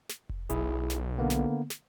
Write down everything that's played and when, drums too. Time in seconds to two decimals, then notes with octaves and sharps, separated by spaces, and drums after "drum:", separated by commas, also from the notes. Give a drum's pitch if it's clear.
0.09 drum: snare
0.29 drum: kick F1
0.50 B1 E4 G#4, drum: hi-hat
0.90 drum: snare
1.18 D3 A#3 B3
1.30 drum: snare
1.70 drum: snare